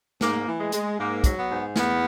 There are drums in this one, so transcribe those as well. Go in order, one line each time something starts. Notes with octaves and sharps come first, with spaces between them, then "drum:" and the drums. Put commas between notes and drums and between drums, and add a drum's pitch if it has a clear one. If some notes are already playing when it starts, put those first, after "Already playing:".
G#2 A#3, drum: snare
E3
G#3
G#3, drum: hi-hat
G#2 A#3
F#3, drum: kick, hi-hat
B3
G#2
E2 B3, drum: snare